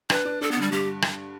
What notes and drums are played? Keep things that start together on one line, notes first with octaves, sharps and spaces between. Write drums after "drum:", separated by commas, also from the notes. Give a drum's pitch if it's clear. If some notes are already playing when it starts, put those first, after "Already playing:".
D4 B4, drum: rim click
D4
D4 A4
B3
D3 G3
G2 G4
drum: rim click